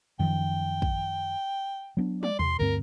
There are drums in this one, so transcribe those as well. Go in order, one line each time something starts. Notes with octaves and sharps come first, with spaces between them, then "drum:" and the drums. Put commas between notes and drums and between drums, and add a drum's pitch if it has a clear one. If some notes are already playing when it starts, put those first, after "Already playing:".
F#2 D#3 F3 G5
drum: kick
F#3 B3 D4
D5, drum: tom
E2 C6, drum: tom B2
D2 G2 C4 A#4